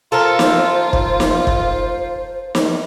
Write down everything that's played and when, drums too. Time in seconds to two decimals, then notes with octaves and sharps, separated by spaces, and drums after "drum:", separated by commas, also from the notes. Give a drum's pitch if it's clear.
0.12 F4 A4 A#4 C5
0.39 drum: snare
0.93 drum: kick
1.20 drum: snare
1.47 drum: kick
2.55 drum: snare